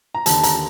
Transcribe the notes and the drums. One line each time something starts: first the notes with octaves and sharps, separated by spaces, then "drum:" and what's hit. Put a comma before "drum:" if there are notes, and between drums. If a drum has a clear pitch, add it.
A#5
D#2 D3 A5, drum: hi-hat
A#5, drum: hi-hat